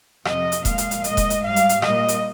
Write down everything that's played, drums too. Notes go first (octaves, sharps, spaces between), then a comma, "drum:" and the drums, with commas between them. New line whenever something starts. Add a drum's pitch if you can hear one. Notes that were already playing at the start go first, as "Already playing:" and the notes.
F2 C3 F3 D#5, drum: rim click
drum: hi-hat
A#2 F3 G#3 F5, drum: kick E1, hi-hat
drum: hi-hat
drum: hi-hat
A#2 G#3 D#5, drum: hi-hat
drum: kick E1, hi-hat
drum: hi-hat
G#2 G3 F5
drum: hi-hat
drum: hi-hat
A#2 G3 D#5, drum: rim click
drum: hi-hat